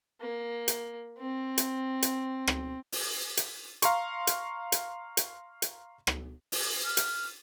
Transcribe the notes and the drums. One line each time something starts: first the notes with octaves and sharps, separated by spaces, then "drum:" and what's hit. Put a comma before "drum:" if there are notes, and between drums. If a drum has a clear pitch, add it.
A#3
drum: hi-hat
C4
drum: hi-hat
drum: hi-hat
drum: rim click
drum: open hi-hat
drum: hi-hat
F5 A#5 C6 C#6, drum: hi-hat
drum: hi-hat
drum: hi-hat
drum: hi-hat
drum: hi-hat
drum: rim click
drum: open hi-hat
F6
drum: hi-hat